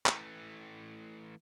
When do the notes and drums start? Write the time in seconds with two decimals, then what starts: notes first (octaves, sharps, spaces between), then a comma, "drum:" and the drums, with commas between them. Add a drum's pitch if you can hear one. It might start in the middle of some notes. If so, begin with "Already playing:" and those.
0.06 E3 A3, drum: clap